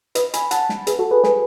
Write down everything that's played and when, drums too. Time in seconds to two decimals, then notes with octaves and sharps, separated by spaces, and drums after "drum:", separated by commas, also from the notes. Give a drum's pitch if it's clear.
0.15 B4 D#5, drum: hi-hat
0.34 G#5 B5, drum: hi-hat
0.51 F#5 A5, drum: hi-hat
0.69 drum: snare
0.87 G#4 B4, drum: hi-hat
0.99 F#4 A4
1.11 G#4 B4
1.24 G#4 B4, drum: snare